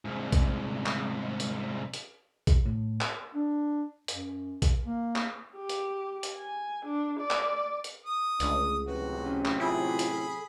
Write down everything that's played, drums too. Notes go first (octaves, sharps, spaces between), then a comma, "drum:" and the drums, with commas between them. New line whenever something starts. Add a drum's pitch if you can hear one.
C2 G#2
drum: kick, hi-hat
drum: clap
drum: hi-hat
drum: hi-hat
drum: kick, hi-hat
A2
drum: clap
D4
F#2, drum: hi-hat
drum: kick, hi-hat
A#3
drum: clap
G4
drum: hi-hat
drum: hi-hat
G#5
D4
D5
drum: clap
drum: hi-hat
D#6
C#2 D3 A3 D4, drum: hi-hat
A1 C3 F#3 F#4 B4
C#4
drum: clap
E4 F4 G#4 B5
drum: hi-hat
A4